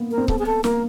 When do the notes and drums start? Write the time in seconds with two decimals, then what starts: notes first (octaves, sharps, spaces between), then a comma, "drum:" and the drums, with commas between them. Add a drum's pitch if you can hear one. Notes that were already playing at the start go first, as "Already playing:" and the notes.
Already playing: A#3 B3
0.11 A#4
0.18 C4
0.28 B3 A4, drum: kick C#1
0.39 G#4
0.46 A4
0.64 A#3 A#4, drum: snare